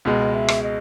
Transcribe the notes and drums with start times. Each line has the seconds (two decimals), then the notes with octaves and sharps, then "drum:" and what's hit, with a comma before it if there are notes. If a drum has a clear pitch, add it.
0.05 C#2 B2 G#3 D#5
0.34 E5
0.48 drum: rim click
0.63 D#5